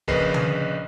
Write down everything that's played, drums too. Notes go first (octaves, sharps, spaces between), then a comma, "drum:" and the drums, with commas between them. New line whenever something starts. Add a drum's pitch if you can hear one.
A#1 C#3 A#4 B4 D#5 C7, drum: kick E1
drum: tom D3